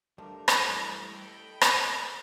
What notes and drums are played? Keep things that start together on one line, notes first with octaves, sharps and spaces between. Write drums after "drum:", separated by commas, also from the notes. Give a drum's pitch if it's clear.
D3 F3 G3 A3 A#4
drum: rim click
F#2 E3
A4 D#5 G5 B5
drum: rim click